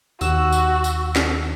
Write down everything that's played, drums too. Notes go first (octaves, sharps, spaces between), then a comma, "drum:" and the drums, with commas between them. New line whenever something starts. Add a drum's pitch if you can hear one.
D#2 F#4 E6, drum: tambourine
drum: tambourine
drum: tambourine
drum: snare